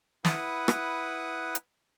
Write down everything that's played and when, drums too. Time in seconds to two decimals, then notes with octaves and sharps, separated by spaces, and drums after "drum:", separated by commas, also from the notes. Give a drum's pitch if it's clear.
0.25 E4 B4 F#5 D#6, drum: snare
0.68 drum: rim click
1.55 drum: hi-hat